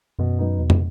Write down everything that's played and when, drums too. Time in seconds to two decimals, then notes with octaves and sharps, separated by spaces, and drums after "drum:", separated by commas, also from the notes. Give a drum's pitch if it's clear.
0.19 F#2 B2
0.39 F#3 B3 D#4
0.58 E2 B2
0.70 drum: tom